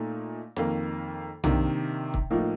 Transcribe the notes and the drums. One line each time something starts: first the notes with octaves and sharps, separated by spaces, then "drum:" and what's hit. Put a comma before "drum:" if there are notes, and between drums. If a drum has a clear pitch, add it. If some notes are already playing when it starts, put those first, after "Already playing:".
Already playing: A#2 A3 D#4
F2 D#3 A#3, drum: snare
C3 D#3 A#3 D4, drum: tom B1
drum: kick
A2 F3 A#3 D#4